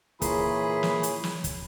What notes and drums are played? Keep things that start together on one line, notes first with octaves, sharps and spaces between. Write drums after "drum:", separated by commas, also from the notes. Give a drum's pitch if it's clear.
A#2 C#3 E3 G#4 C#5 B5, drum: kick, hi-hat
drum: snare
drum: hi-hat
drum: snare
drum: kick, hi-hat